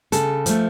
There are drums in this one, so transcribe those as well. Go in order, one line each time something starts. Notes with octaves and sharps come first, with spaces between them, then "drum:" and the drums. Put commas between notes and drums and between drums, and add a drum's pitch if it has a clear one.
C#3 A4, drum: hi-hat
F3 A3, drum: hi-hat